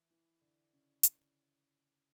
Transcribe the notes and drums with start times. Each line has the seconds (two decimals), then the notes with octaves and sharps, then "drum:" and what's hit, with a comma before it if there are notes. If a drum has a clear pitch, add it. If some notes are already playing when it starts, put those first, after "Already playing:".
Already playing: E3 E4
0.10 E3 E4
0.41 D3 D4
0.73 C#3 C#4
1.03 drum: hi-hat